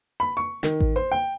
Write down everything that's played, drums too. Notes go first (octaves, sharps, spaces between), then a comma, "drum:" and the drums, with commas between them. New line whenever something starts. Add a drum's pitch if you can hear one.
B5
C#6
D#3, drum: snare
drum: kick A1
C5
G5